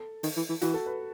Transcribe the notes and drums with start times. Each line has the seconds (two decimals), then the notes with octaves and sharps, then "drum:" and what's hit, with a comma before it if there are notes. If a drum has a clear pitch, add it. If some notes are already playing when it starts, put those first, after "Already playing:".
Already playing: A4
0.23 D#3, drum: open hi-hat
0.36 E3
0.49 E3
0.61 E3 F#4, drum: hi-hat
0.74 A4
0.86 B4